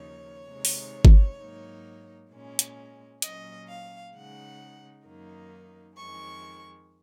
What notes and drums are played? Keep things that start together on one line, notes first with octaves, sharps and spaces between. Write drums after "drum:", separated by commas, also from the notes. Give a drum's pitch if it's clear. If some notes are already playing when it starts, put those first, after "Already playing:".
Already playing: D#2 C#3 F3 A#3 D#4 C#5
C3 D#3 G#3 D#4
drum: open hi-hat
drum: kick G1
G#2 F#3 A#3 D#4
A#2 G#3 C#4
drum: hi-hat
A#2 F#3 C#4 D#5, drum: hi-hat
F5
C#3 G#3 D#4 F#5
F#2 D#3 A#3 D#4
F2 D#3 G#3 C#6